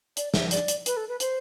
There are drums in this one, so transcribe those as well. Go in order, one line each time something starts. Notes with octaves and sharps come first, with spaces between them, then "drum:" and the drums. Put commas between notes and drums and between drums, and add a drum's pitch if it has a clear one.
D5, drum: hi-hat
E5, drum: snare
D5, drum: hi-hat
drum: hi-hat
B4, drum: hi-hat
A4
B4
C5, drum: hi-hat